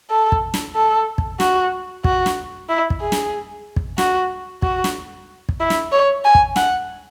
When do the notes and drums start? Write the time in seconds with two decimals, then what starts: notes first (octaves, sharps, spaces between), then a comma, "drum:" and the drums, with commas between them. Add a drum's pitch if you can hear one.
0.10 A4
0.32 drum: kick
0.54 drum: snare
0.75 A4
1.18 drum: kick
1.40 F#4, drum: snare
2.04 F#4, drum: kick
2.26 drum: snare
2.69 E4
2.90 drum: kick
3.01 G#4
3.12 drum: snare
3.76 drum: kick
3.98 F#4, drum: snare
4.62 F#4, drum: kick
4.84 drum: snare
5.49 drum: kick
5.60 E4
5.70 drum: snare
5.92 C#5
6.24 G#5
6.35 drum: kick
6.56 F#5, drum: snare